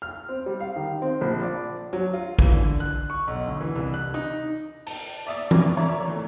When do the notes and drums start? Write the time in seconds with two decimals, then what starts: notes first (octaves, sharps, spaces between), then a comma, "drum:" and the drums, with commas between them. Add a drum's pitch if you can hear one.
0.02 F6
0.29 C4
0.46 G3
0.60 F5
0.76 D#3
1.02 C4
1.21 A#1
1.41 D5
1.93 F#3
2.14 F4
2.39 E3, drum: kick
2.52 D3
2.80 F#6
3.10 C#6
3.27 B1
3.47 D2
3.61 E3
3.76 C2
3.94 F#6
4.14 D#4
4.87 A5, drum: open hi-hat
5.27 D5 E5 D#6 A6
5.51 F4 B4 C#5 D6, drum: tom
5.76 A#4 C#5 D5 E5 A#5
6.06 A2 E3 A3